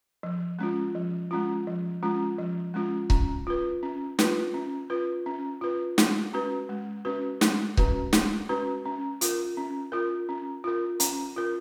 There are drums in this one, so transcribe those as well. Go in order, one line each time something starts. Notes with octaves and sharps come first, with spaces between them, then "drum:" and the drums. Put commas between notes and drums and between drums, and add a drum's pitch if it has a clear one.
F3
G#3 C#4 F4
F3
G#3 C#4 F4
F3
G#3 C#4 F4
F3
G#3 C#4 F4
C#4, drum: kick C#1
F4 B4
C#4
F4 B4, drum: snare
C#4
F4 B4
C#4
F4 B4
G#3, drum: snare
C#4 F#4 B4
G#3
C#4 F#4 B4
G#3, drum: snare
C#4 F#4 B4, drum: kick C#1
G#3, drum: snare
C#4 F#4 B4
C#4
F4 A#4, drum: hi-hat
C#4
F4 A#4
C#4
F4 A#4
C#4, drum: hi-hat
F4 A#4